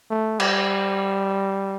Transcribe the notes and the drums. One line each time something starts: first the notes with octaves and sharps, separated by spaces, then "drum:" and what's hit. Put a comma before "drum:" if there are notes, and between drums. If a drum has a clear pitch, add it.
A3
G3, drum: cymbal